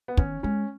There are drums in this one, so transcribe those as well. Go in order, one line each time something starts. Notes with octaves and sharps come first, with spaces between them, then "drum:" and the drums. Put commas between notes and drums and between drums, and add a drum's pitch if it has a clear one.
B3
D#3 C#4, drum: kick
G#3 C#4